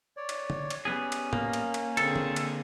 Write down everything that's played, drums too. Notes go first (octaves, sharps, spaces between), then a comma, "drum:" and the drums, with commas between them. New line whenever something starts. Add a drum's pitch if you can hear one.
C#5 D5
drum: cymbal
drum: tom
drum: cymbal
G3 B3 C#4 G#4
drum: cymbal
A#3, drum: tom
drum: cymbal
drum: cymbal
D3 C4 G#4 A4, drum: cymbal
drum: tom
drum: cymbal